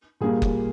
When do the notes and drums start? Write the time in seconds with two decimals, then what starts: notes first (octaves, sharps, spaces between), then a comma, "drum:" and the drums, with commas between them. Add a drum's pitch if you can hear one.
0.21 A#2 G3 A#3 G#4
0.42 drum: kick F#1